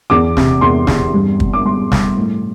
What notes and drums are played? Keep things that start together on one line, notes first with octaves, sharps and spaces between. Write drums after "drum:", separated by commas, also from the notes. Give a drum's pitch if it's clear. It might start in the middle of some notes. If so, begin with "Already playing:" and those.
E2 D6
C3, drum: snare
E2 C6
E2, drum: snare
G2
G2, drum: kick
D6
G2 C6
G2, drum: snare
A2